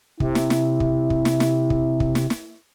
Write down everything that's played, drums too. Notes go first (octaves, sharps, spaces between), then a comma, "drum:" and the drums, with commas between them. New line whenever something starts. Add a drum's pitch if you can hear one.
C3 E4, drum: kick
drum: snare
drum: snare
drum: kick
drum: kick
drum: snare
drum: snare
drum: kick
drum: kick
drum: snare
drum: snare